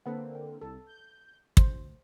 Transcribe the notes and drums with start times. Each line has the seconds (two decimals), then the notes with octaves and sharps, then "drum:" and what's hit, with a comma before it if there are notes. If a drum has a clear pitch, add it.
0.06 D3 A#3 C4 A4 B4 F#5
0.35 G5
0.61 C2 A4
0.86 G6
1.57 D2 C5, drum: kick